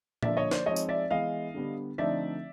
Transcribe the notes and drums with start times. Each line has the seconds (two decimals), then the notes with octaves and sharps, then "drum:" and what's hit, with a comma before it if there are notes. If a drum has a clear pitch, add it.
0.23 D3 F3 A#3 D5 E5, drum: tom A#2
0.37 C#5 D#5
0.51 C5 D5, drum: snare
0.66 F3 G#3 C4 D#4 C#5 D#5
0.76 drum: tambourine
0.89 D5 E5
1.10 E3 G#3 B3 D#5 F5
1.54 D3 G3 B3
1.98 D3 F3 A3 C4 D#4 D5 E5